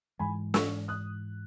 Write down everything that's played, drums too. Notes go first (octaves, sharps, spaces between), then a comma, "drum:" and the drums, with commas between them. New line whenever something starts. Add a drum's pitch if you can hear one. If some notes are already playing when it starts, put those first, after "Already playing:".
G#2 E3 G#3 G#5 B5
C#6 E6, drum: snare
D#6 F#6